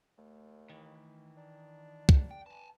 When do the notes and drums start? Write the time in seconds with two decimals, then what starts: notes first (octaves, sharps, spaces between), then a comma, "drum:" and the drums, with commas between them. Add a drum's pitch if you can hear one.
0.18 D#2 A3
0.70 D#3 E3
1.37 D4 A#5
2.09 drum: kick
2.31 C#3 G5
2.46 B4 G#5 A5